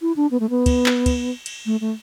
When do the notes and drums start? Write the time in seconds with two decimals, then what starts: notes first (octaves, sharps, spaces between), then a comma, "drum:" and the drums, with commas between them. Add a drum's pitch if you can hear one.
0.02 E4
0.16 D4
0.31 B3
0.40 A3
0.50 B3
0.66 drum: kick, cymbal
0.86 drum: clap
1.06 drum: kick, cymbal
1.46 drum: cymbal
1.66 A3
1.81 A3